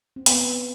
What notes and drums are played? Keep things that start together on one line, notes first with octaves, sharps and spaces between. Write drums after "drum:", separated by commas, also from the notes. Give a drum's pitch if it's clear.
C4
B3, drum: hi-hat